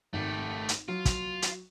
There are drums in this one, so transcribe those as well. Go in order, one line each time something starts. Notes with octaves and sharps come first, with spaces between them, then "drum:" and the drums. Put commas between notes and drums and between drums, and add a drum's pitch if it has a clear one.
G#1 A3 G4
drum: hi-hat
F#3 F4
drum: kick, hi-hat
drum: hi-hat